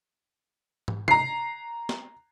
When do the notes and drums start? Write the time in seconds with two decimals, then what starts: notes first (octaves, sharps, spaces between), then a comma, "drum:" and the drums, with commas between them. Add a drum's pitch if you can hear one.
0.88 drum: tom
1.08 A#5 C7, drum: tom
1.89 drum: snare